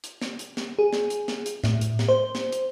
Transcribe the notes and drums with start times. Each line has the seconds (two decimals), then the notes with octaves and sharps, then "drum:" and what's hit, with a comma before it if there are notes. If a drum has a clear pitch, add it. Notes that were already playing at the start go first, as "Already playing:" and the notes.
0.04 drum: hi-hat
0.21 drum: snare
0.39 drum: hi-hat
0.57 drum: snare
0.79 G#4
0.93 drum: snare
1.10 drum: hi-hat
1.28 drum: snare
1.46 drum: hi-hat
1.64 A2, drum: snare
1.81 drum: hi-hat
1.99 drum: snare
2.09 C5
2.35 drum: snare
2.52 drum: hi-hat